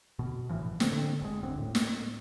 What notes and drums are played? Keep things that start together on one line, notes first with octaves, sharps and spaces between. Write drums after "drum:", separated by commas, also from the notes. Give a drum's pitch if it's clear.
B2
G#1 A2 E3 F3
D3 C4, drum: snare
F1 G#3
G1 D2 D3 C4
A2
drum: snare